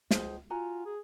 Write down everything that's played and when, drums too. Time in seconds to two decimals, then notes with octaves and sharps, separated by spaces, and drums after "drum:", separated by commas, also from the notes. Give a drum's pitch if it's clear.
0.11 C#2 G#4 C5, drum: snare
0.50 F4 F#4 G#5 A#5
0.86 G#4